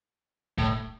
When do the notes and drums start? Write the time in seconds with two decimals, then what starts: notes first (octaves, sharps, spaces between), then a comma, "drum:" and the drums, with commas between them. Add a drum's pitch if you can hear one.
0.58 A2, drum: kick